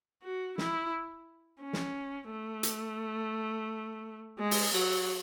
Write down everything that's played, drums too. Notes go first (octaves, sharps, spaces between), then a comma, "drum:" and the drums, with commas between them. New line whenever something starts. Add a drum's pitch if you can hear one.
F#4
E4, drum: snare
C#4
drum: snare
A3
drum: hi-hat
G#3
drum: open hi-hat
F#3, drum: cymbal